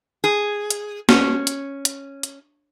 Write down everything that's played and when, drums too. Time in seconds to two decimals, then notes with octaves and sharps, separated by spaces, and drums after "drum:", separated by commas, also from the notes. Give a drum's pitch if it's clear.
0.24 G#4
0.70 drum: hi-hat
1.09 C#4, drum: snare
1.47 drum: hi-hat
1.85 drum: hi-hat
2.23 drum: hi-hat